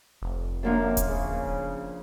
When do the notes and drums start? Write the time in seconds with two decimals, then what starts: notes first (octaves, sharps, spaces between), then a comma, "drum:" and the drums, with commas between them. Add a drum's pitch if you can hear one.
0.22 F1
0.63 F#2 F3 A#3 D4
0.97 drum: kick D#1, hi-hat
1.08 C#3